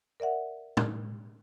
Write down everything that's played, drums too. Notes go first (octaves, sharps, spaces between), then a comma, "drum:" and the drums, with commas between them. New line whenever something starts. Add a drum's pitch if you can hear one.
A#4 D5 E5 F#5
drum: tom